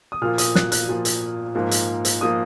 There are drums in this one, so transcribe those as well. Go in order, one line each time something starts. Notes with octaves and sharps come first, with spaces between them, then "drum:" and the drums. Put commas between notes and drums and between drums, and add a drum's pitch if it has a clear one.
D#6
A#2 F3 A#3 F4 F6
D#6, drum: hi-hat
F#6, drum: snare
F#6, drum: hi-hat
A#2 F3 A#3 F4
drum: hi-hat
G#2 F3 A#3
drum: hi-hat
drum: hi-hat
F3 A#3 D#6